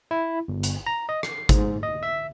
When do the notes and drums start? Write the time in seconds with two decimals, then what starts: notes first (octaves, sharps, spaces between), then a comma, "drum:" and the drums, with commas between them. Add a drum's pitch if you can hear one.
0.11 E4
0.48 G1
0.63 drum: hi-hat
0.87 A#5
1.09 D#5
1.23 C7, drum: rim click
1.49 G#2, drum: kick, hi-hat
1.83 D#5
2.03 E5